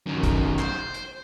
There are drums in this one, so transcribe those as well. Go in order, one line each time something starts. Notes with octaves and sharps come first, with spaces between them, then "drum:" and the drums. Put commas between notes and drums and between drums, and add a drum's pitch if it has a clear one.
F#2 D#3
drum: kick, hi-hat
C5, drum: clap
drum: hi-hat